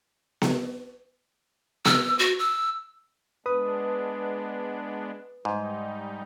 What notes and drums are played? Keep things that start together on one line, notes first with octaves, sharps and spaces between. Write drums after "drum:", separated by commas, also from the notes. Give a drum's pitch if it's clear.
drum: snare B3
E6, drum: snare B3
F#4
E6
G#3 B3 D4 B4 D#6
G#2 G3 D#4